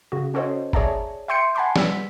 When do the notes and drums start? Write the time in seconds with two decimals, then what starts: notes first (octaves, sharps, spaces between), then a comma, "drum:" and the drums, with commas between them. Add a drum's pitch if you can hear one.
0.12 C#3 F#4
0.34 C#4 F#4 A4 C5 C#5 D#5
0.73 G#4 C#5 D5 E5 A5 A#5, drum: kick G1
1.28 E5 G5 C6 G6 C#7 D7
1.55 F#5 G#5 A5 B5 C6 D6
1.76 G3 B3 E6 B6, drum: snare